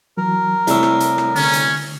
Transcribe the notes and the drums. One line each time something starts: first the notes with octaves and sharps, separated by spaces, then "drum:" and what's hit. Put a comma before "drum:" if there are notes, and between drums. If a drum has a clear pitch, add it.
E3 F#3 A#4
C2 A2 E4 E6, drum: hi-hat
drum: rim click
drum: hi-hat
drum: rim click
D3 C#4, drum: open hi-hat
drum: hi-hat